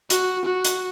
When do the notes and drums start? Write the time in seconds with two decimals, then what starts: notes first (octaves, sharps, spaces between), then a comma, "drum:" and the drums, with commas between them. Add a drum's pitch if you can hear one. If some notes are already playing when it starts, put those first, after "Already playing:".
0.10 F#4, drum: hi-hat
0.45 F#4
0.65 drum: hi-hat